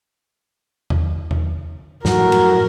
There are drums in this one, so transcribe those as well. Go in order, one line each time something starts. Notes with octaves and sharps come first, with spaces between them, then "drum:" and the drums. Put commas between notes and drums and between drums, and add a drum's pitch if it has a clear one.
drum: tom E2
drum: tom E2
F#2 A2 F3 F#3 F#4 A#4, drum: snare
drum: cymbal